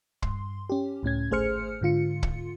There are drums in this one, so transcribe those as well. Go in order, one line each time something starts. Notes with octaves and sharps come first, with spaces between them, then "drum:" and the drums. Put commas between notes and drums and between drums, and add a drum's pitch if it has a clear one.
G2 C6, drum: kick
C#4 G4
C#2 A2 C#4 G#6
G#1 A3 G#4 C5 F6 C#7
G#2 D3 F4 C#7
drum: kick